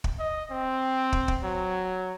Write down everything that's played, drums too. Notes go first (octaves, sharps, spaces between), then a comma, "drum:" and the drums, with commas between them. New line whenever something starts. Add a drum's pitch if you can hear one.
drum: kick
D#5
C4
drum: kick
drum: kick
F#3